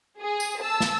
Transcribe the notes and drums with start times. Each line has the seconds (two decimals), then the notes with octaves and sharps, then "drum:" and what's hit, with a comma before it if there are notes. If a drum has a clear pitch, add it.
0.20 G#4
0.40 drum: tambourine
0.61 A5 E6
0.81 drum: snare